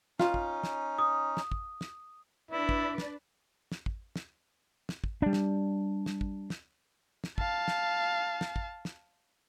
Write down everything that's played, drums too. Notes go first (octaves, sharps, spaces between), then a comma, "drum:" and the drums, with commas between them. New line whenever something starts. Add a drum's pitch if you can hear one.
C#4 D#4 F4, drum: snare
drum: kick
drum: snare
D#6
drum: snare
drum: kick
drum: snare
D4 E4 B4 D5
drum: kick
drum: snare
drum: snare
drum: kick
drum: snare
drum: snare
drum: kick
G3 D4
drum: snare
drum: snare
drum: kick
drum: snare
drum: snare
F5 A5, drum: kick
drum: snare
drum: snare
drum: kick
drum: snare